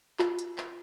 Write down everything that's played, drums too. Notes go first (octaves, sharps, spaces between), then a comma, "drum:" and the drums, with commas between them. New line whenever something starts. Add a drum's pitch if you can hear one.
F4, drum: clap
drum: hi-hat
drum: clap